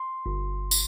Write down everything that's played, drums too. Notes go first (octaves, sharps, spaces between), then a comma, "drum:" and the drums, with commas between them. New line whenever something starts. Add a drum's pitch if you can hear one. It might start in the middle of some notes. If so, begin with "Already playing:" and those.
Already playing: C6
G1
drum: tambourine